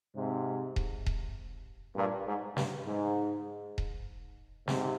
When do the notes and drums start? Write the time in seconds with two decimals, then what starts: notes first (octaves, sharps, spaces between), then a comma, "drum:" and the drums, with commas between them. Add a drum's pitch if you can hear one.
0.16 G#2 C3
0.76 drum: kick D#1
1.06 drum: kick D#1
1.96 G2 A#2
2.27 G#2
2.57 G2, drum: snare
2.87 G#2
3.78 drum: kick D#1
4.68 G#2 C3, drum: snare